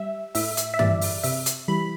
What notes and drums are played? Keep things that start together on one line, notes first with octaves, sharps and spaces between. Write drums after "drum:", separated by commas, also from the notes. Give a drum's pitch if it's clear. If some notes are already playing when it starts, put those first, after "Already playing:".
Already playing: G3 E5
A2 E5, drum: open hi-hat
drum: hi-hat
E5
E3 G3 D5, drum: tom G2
drum: open hi-hat
C3 E5, drum: open hi-hat
drum: hi-hat
E3 G3 B5